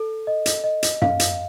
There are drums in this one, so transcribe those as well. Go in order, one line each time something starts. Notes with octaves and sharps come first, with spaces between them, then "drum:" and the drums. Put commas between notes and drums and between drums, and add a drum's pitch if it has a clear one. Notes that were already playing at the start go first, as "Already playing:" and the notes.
Already playing: A4
D#5
drum: hi-hat
D#5
drum: hi-hat
F5, drum: tom F#2
drum: hi-hat